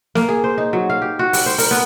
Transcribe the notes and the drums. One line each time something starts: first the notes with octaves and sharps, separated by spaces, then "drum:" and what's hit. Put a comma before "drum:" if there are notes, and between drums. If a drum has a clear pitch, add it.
A#3, drum: snare
G#4
C5
D#4
F#3
F5
G4
F#4
G3, drum: open hi-hat
C5
A#4, drum: open hi-hat
B3